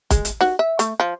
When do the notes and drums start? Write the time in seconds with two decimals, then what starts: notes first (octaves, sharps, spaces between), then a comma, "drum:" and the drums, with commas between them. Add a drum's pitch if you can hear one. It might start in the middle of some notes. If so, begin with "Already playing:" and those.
0.11 G#3, drum: kick, hi-hat
0.25 drum: hi-hat
0.41 F#4, drum: snare
0.59 E5
0.79 A3, drum: hi-hat
1.00 F3